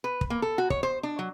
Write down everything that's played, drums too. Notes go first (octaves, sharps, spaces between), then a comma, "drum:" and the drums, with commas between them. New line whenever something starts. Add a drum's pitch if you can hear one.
B4
drum: kick
A#3
A4
F#4
C#5, drum: kick
C5
D4
F#3